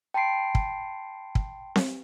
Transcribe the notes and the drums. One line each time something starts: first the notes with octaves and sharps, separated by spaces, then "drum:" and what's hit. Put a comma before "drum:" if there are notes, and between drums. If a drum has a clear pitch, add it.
G5 A5 B5 C6 C7 D7
drum: kick
drum: kick
drum: snare C4